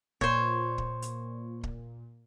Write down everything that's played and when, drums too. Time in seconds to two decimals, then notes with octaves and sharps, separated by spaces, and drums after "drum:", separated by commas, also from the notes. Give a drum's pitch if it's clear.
0.21 A#2 C5 C#5, drum: kick
0.78 drum: kick
1.02 drum: hi-hat
1.63 drum: kick